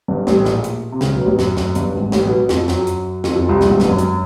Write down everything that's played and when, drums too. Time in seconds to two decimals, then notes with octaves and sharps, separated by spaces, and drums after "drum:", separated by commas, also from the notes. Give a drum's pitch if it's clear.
0.08 G1 G2
0.27 A1 A2, drum: snare
0.45 A#1 A#2, drum: snare
0.64 drum: hi-hat
0.92 C3
1.01 C#2 C#3, drum: snare
1.13 B1 B2
1.26 A1 A2
1.39 F#2, drum: snare
1.57 F#2, drum: snare
1.75 G1 G2, drum: hi-hat
1.94 G#1 G#2
2.12 A1 A2, drum: snare
2.25 B1 B2
2.49 F2 F3, drum: snare
2.68 F#2 F#3, drum: snare
2.87 drum: hi-hat
3.24 F2 F3, drum: snare
3.36 F2 F3
3.49 C2 C3
3.61 A#1 A#2, drum: snare
3.70 G#1 G#2
3.80 G1 G2, drum: snare
3.89 F#2
3.98 drum: hi-hat